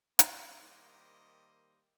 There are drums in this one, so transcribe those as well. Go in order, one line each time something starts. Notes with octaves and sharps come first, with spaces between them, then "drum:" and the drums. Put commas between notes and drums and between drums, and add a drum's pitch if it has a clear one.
D#3 G3 A#3 C5 D#5, drum: hi-hat